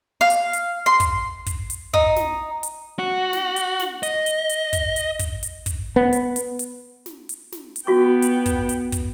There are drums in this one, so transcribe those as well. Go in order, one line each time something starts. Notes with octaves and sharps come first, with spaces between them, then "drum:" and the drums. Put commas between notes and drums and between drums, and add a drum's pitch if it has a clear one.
F5
drum: hi-hat
drum: hi-hat
C6
drum: kick, hi-hat
drum: kick, hi-hat
drum: hi-hat
D#4, drum: kick
drum: snare
drum: hi-hat
F#4
drum: snare
drum: hi-hat
drum: snare
D#5, drum: hi-hat
drum: hi-hat
drum: hi-hat
drum: kick, hi-hat
drum: hi-hat
drum: kick, hi-hat
drum: hi-hat
drum: kick, hi-hat
B3
drum: hi-hat
drum: hi-hat
drum: hi-hat
drum: snare
drum: hi-hat
drum: snare
drum: hi-hat
B3 F4 F#4 G5 C#6
drum: hi-hat
drum: kick, hi-hat
drum: hi-hat
drum: kick, hi-hat